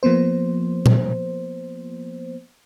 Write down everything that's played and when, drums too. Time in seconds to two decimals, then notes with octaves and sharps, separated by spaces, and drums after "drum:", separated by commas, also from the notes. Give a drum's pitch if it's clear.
0.03 F3 A#3 B3 C5
0.86 drum: tom A#2